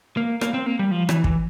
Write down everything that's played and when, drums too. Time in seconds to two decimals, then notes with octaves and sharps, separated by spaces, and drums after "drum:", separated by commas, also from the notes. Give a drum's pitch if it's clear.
0.17 A#3
0.41 A#3, drum: rim click
0.54 C4
0.66 A#3
0.79 G3
0.91 F3
1.09 E3, drum: rim click
1.24 E3, drum: kick